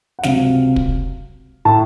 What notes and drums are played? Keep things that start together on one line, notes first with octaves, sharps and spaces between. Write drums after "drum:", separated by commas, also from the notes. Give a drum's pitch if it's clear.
F#5
C#2 C3 F#3 F5, drum: snare
drum: kick
A2 A3 A5